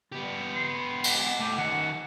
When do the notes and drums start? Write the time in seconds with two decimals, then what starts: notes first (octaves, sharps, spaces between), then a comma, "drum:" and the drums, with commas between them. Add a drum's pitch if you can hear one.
0.12 G3 B3 G4
0.54 C6
1.04 drum: cymbal
1.40 A3 G5 D6
1.58 D#3 E5 F#5